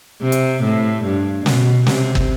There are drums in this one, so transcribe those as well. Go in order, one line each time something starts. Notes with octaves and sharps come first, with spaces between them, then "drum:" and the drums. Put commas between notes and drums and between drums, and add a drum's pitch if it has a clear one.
C3
drum: hi-hat
A2
G2
B2, drum: snare
C3, drum: snare
drum: kick